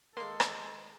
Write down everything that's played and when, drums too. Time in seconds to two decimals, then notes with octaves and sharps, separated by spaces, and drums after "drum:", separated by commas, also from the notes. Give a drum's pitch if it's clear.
0.17 D#2 G#3 A#3 A4 C6
0.40 drum: rim click